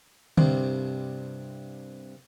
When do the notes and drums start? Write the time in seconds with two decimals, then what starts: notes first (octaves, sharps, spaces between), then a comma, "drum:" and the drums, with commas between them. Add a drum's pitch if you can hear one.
0.38 C2 G2 C3, drum: tom D3